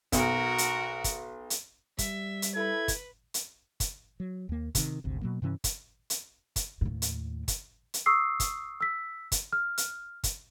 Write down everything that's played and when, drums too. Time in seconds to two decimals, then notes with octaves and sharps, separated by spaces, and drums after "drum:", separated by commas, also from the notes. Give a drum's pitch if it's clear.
0.12 B1 F#4 A#4, drum: kick, hi-hat
0.58 drum: hi-hat
1.04 drum: kick, hi-hat
1.50 drum: hi-hat
1.98 G3 E5, drum: kick, hi-hat
2.42 drum: hi-hat
2.55 E4 A4 B4 G#6
2.88 drum: kick, hi-hat
3.34 drum: hi-hat
3.80 drum: kick, hi-hat
4.20 F#3
4.49 D#2 A#3
4.75 C3 D#3, drum: kick, hi-hat
5.04 G#1 D2 C3
5.22 B2 F#3 A#3
5.42 G2 C3 E3 C#4
5.64 drum: kick, hi-hat
6.10 drum: hi-hat
6.56 drum: kick, hi-hat
6.81 D#2 A2
7.02 drum: hi-hat
7.48 drum: kick, hi-hat
7.94 drum: hi-hat
8.06 C#6 D#6 E6 C7
8.40 drum: kick, hi-hat
8.81 E6 B6
9.32 drum: kick, hi-hat
9.53 F6
9.78 drum: hi-hat
10.24 drum: kick, hi-hat